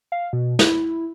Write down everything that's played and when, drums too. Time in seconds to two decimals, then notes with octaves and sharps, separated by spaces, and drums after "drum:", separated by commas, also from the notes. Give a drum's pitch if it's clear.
0.12 F5
0.33 B2
0.59 E4, drum: snare